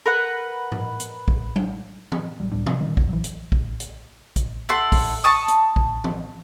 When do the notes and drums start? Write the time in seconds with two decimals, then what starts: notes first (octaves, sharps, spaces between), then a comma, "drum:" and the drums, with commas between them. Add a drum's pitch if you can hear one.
0.06 A#4 B4 F#5
0.72 drum: tom G#2
1.00 drum: hi-hat
1.28 drum: kick A#1
1.56 drum: tom F#3
2.12 drum: tom E3
2.40 A1 F#3 G3
2.52 C#2 A2 G3 D4
2.66 C3, drum: tom E3
2.80 A#2 D3 D#3 G3
2.97 E2, drum: kick A#1
3.09 E3 F#3
3.24 drum: hi-hat
3.52 drum: kick A#1
3.80 drum: hi-hat
4.36 drum: kick A#1, hi-hat
4.69 E4 A4 F#5 C6
4.92 drum: kick A#1, open hi-hat
5.24 A5 C#6 D#6
5.48 drum: hi-hat
5.76 drum: kick A#1
6.04 drum: tom E3